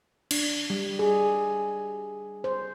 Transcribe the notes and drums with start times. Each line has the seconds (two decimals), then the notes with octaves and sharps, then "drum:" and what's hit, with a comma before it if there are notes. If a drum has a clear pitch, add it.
0.31 D4, drum: cymbal
0.70 G3
0.99 G#4
2.44 C5